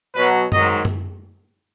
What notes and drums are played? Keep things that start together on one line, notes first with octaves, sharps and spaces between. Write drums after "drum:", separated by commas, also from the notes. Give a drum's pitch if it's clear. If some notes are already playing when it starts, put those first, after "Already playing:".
B2 F#3 B4
G#2 D#3 F#3 D#5, drum: tom F#2
drum: tom F#2